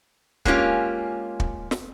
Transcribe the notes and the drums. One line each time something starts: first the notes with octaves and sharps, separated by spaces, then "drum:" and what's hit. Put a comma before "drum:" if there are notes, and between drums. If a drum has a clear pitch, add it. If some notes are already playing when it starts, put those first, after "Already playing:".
G#3 A#3 C#4 F4 G4, drum: kick
drum: kick
drum: snare